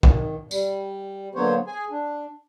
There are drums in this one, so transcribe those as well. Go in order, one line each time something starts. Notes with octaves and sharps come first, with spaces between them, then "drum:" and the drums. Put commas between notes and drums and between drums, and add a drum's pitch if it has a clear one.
D#3, drum: kick
G3, drum: tambourine
D3 F#3 A#3 B3 C5 C#5
G#4 G#5
D4